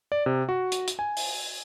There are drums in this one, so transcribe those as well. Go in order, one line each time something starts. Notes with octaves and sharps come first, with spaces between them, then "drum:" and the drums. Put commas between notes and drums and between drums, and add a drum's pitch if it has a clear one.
D5
C3
F#4
drum: hi-hat
drum: hi-hat
G#5
drum: open hi-hat